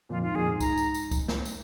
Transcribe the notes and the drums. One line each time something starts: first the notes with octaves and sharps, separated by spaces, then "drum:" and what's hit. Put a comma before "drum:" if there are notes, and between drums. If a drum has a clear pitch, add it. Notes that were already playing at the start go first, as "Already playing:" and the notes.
F2 A#2 F4
G#2 F4
F2 A#2 G#4
G#2
G#2 A#5, drum: kick C2, tambourine
drum: tambourine
drum: tambourine
drum: kick C2, tambourine
drum: snare
drum: tambourine